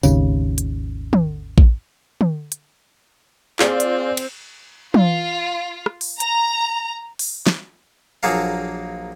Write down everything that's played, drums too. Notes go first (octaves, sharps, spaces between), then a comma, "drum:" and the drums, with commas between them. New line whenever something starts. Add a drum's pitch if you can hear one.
G#1 D#2 C#3, drum: tambourine
drum: hi-hat
drum: tom
drum: kick A#1
drum: tom
drum: hi-hat
C4 F4 G#4 D5, drum: clap
drum: hi-hat
drum: cymbal
F4, drum: tom
drum: rim click
drum: open hi-hat
A#5, drum: hi-hat
drum: open hi-hat
drum: snare
A#1 F#3 A#3 G#4 A4 F5